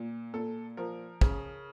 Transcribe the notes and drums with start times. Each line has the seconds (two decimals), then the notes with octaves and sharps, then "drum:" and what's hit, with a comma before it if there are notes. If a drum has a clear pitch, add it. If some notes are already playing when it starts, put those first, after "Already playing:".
Already playing: A#2
0.34 A#2 A4
0.77 F3 A#4
1.21 C#3, drum: kick